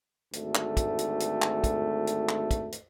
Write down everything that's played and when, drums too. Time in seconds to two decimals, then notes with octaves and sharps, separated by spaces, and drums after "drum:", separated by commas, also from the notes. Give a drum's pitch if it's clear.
0.33 G#1 D2 A3, drum: hi-hat
0.55 drum: clap
0.77 drum: kick, hi-hat
0.99 drum: hi-hat
1.20 drum: hi-hat
1.42 drum: clap
1.64 drum: kick, hi-hat
2.07 drum: hi-hat
2.29 drum: clap
2.51 drum: kick, hi-hat
2.72 drum: hi-hat